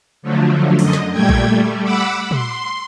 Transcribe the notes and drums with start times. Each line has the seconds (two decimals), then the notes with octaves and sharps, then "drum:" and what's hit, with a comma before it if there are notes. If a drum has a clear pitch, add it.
0.22 D3 F3 F#3 A3
0.79 F#2 D3 D#5, drum: open hi-hat
0.93 drum: snare
1.12 A#2 G3 A3 G5 G#6
1.29 drum: kick A#1
1.46 G3 A3
1.83 F#5 B5 D6 E6
2.31 C6, drum: tom A#2